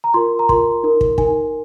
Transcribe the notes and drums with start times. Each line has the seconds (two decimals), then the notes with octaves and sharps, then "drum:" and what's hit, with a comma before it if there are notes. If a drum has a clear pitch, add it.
0.04 A#5
0.14 F4 A#4 C6
0.39 A#5
0.49 F4 A#4 C6, drum: kick
0.83 D#4 A#4
1.01 drum: kick
1.18 D#4 A#4 G#5, drum: kick